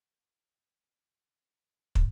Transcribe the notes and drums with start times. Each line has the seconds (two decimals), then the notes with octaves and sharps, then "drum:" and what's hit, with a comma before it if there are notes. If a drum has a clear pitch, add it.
0.13 D3 A3 A#4 C5 A5
1.95 drum: kick